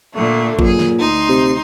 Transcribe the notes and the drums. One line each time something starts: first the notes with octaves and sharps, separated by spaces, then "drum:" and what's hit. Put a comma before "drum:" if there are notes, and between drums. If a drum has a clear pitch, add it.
A#2 D3 A3
F#2 A#2 G#4, drum: kick G#1
drum: snare
D2 D#4 C6
C3